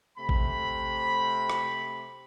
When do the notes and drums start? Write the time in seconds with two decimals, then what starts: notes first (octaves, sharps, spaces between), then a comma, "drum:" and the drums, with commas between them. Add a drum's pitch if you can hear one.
0.19 C3 A3 B5
0.29 drum: kick A1
1.50 drum: rim click